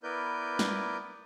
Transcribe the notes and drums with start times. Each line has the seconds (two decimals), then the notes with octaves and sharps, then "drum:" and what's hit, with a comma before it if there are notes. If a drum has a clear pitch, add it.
0.03 B3 E4 A#4 B4 D5 G6
0.59 drum: snare